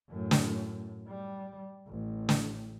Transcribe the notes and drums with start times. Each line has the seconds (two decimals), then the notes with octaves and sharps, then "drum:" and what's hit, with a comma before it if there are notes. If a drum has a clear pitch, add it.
0.10 F#2 A2
0.31 drum: snare
1.08 G3
1.88 A1
2.29 drum: snare